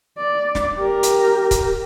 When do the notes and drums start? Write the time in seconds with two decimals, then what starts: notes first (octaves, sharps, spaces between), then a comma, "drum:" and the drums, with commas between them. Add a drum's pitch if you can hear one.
0.18 D5
0.55 drum: snare
0.79 G4 A#4
1.03 drum: hi-hat
1.51 drum: kick, hi-hat